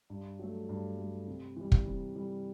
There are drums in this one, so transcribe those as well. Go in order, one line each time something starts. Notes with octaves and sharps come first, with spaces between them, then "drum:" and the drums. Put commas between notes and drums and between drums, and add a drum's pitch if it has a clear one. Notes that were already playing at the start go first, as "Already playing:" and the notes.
G2
F#3 A3
G2
F#3 A3
C3
E3 G3
drum: kick
C3
E3 G3